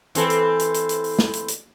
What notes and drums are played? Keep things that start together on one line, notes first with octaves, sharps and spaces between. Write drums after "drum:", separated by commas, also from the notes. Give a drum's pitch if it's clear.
E3 C4 A4, drum: hi-hat
drum: hi-hat
drum: hi-hat
drum: hi-hat
drum: hi-hat
drum: open hi-hat
drum: snare
drum: hi-hat
drum: hi-hat